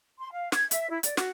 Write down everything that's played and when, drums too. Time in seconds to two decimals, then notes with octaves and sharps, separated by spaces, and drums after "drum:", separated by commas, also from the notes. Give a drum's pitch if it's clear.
0.18 C6
0.31 F5
0.52 G#6, drum: snare
0.71 E5, drum: hi-hat
0.90 E4
1.03 D5, drum: hi-hat
1.17 F#4, drum: snare